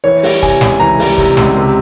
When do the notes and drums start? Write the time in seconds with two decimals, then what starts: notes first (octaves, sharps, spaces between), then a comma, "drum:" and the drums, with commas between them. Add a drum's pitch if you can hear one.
0.04 E3 C#5
0.23 G3, drum: open hi-hat
0.43 C3 G#5, drum: kick
0.61 C#2, drum: snare
0.80 E3 A#5
0.99 G3, drum: open hi-hat
1.18 C3, drum: kick
1.37 C#2, drum: snare
1.56 C3